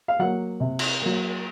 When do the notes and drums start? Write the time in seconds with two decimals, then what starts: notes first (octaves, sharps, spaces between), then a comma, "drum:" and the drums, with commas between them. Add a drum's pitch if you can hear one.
0.08 F5
0.19 F#3 A#3 F#5
0.60 C3
0.79 drum: cymbal
1.02 F#3 A#3